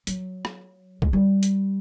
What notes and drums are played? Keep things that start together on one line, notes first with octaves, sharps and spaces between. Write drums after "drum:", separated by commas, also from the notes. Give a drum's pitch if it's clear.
F#3, drum: hi-hat
drum: rim click
G#3, drum: kick
G3
drum: hi-hat